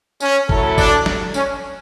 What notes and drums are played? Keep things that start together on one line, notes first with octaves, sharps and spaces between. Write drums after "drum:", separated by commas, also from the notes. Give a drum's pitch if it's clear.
C#4, drum: tambourine
F#3 A3 E4 A4, drum: kick
D4, drum: kick, tambourine
drum: snare
C#4, drum: tambourine